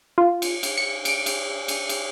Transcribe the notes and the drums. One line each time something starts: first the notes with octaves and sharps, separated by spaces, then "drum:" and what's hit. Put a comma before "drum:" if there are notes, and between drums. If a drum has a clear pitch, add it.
F4
drum: cymbal
drum: cymbal
C#7
D7, drum: cymbal
drum: cymbal
drum: cymbal
drum: cymbal